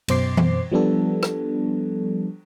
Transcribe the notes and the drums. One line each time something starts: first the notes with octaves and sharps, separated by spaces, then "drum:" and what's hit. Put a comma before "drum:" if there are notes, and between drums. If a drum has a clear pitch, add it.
F#2 B2 C5 D6 C7, drum: cymbal
drum: tom E3
F3 G3 B3 D4 A4
drum: rim click